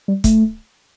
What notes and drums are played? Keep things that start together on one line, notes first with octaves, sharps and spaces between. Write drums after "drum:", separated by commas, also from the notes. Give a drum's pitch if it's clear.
G3
A3, drum: kick, hi-hat